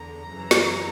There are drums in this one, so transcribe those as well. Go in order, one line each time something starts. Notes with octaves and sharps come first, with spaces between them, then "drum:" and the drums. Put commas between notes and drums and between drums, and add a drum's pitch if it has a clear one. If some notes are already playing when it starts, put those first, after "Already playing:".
Already playing: E2 D3 A#5
F#2 C#3 E3
drum: snare